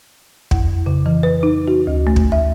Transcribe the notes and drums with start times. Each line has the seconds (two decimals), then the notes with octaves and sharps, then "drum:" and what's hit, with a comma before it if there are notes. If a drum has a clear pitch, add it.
0.51 F2, drum: kick
0.86 C#3
1.06 E3
1.23 B4
1.43 D#4
1.68 F#4
1.87 D2
2.07 A3
2.16 drum: kick
2.32 E5